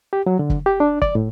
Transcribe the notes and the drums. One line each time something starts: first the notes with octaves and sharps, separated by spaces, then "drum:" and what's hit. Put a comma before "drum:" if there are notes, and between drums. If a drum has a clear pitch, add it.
G4
F#3
D3
drum: kick
G4
D4
D5, drum: kick
A2